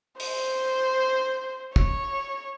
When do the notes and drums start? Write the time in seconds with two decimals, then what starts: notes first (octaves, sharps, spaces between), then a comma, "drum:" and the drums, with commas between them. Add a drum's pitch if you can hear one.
0.20 C5, drum: open hi-hat
1.76 C#5, drum: kick